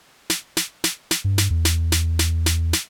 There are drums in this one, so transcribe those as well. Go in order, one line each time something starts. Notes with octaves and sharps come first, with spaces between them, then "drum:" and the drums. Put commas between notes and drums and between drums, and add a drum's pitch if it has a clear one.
drum: snare
drum: snare
drum: snare
drum: snare
G2
drum: snare
E2
drum: snare
drum: snare
drum: snare
drum: snare
drum: snare